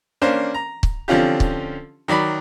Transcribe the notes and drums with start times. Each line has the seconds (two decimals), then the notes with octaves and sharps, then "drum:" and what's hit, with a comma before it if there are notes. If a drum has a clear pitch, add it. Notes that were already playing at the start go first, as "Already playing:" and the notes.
0.22 A#3 C#4 D4 C5
0.54 A#5
0.83 drum: kick
1.08 D3 F3 C4 C#4 F4 G4
1.40 drum: kick
2.08 D#3 F#3 D5 B5